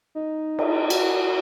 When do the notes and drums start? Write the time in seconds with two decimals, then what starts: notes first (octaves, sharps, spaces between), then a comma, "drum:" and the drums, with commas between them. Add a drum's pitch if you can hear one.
0.15 D#4
0.59 drum: cymbal
0.90 F#4, drum: cymbal